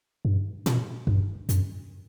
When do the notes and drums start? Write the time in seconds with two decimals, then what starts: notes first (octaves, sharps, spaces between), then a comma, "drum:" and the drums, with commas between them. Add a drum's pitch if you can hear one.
0.25 G2
0.66 B2, drum: tom A#2
1.07 G2, drum: kick
1.49 F#2, drum: hi-hat